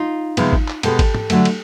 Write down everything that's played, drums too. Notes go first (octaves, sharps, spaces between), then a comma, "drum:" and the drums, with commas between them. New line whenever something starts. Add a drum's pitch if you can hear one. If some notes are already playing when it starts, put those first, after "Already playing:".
Already playing: D#4 F4
C3 F3 G#3 B3, drum: cymbal
drum: kick G#1
drum: clap
B2 G#3 B3 G4 A4, drum: cymbal
drum: kick G#1, cymbal
drum: tom G#2
D3 F#3 A3, drum: cymbal
drum: cymbal